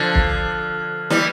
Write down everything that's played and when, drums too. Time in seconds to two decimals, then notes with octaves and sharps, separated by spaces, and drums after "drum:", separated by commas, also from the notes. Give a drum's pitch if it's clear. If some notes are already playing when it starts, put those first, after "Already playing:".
Already playing: D3 F3
0.15 drum: kick
1.10 E3 G3, drum: snare